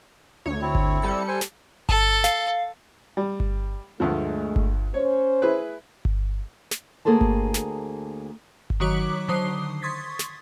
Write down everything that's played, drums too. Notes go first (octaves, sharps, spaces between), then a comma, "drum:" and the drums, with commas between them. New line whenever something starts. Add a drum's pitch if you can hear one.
D2 C#5
C4 E4
drum: kick G1
G3 A4 C#7
C5 G#5
drum: snare
A4 A5, drum: kick G1
F5, drum: snare
G3
drum: kick G1
D2 G2 F3 G#3 A3
drum: kick G1
C#4 C5 C#5
E4 G#4 B4
drum: kick G1
drum: snare
D2 A#3 G#4 A4 C5 A5
drum: kick G1
drum: snare
drum: kick G1
D#3 F#3 F#4 C#5 D6 B6
D3 D#3 F#3 C5 D#6 C7
C6 C#6 D#6 G#6 A6 B6
drum: snare